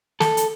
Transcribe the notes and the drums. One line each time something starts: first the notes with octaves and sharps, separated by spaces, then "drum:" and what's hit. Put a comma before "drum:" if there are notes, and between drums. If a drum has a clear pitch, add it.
A4, drum: snare
drum: hi-hat